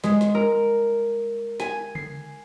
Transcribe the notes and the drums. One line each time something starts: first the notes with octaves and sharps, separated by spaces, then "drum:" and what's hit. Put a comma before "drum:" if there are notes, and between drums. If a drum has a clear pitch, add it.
G#3, drum: snare
drum: snare
A#4
G#5, drum: snare
C7, drum: tom C#3